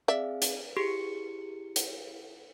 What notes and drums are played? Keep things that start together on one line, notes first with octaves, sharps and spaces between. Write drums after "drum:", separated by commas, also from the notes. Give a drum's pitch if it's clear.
C4 G#4 D5 E5 F5
drum: hi-hat
E4 G4 G#4 C#7
drum: hi-hat